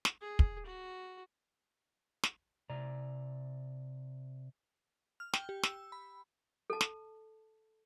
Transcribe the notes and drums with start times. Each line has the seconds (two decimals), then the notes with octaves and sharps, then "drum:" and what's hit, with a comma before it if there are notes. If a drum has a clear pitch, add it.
0.05 drum: snare
0.21 G#4
0.39 drum: kick
0.66 F#4
2.23 drum: snare
2.70 C3 D5 A#5
5.20 F6
5.33 G5, drum: snare
5.49 G4
5.63 E6, drum: snare
5.92 B5
6.70 A4 A5
6.81 drum: snare